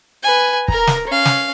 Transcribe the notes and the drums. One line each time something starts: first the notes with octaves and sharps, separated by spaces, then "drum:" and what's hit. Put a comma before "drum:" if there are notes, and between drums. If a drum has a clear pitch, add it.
B4 G#5
A#4 A#5, drum: kick
drum: snare
C#4 F5
drum: snare